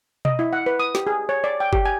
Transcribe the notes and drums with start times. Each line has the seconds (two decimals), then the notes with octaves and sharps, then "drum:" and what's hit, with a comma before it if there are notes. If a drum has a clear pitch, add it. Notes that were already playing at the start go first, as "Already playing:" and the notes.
0.25 D#5, drum: tom B2
0.39 E4
0.53 F#5
0.66 B4
0.80 D#6
0.95 G4, drum: snare
1.07 G#4
1.29 C#5
1.44 D5
1.60 G5
1.73 G4, drum: kick G1
1.86 G#5